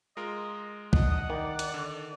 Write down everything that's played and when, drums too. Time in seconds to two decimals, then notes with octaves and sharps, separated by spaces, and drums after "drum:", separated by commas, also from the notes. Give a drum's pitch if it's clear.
0.17 G#3 F4 A#4 D#5
0.93 D4 D#5 F#5, drum: kick B1
1.30 D#3 D5
1.59 drum: hi-hat
1.74 D3